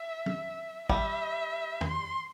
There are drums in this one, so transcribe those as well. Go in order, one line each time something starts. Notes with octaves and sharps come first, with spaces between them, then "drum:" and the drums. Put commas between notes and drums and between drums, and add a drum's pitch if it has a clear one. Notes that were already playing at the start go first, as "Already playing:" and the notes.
Already playing: E5
drum: tom
G3 E5, drum: kick A1
C6, drum: tom E2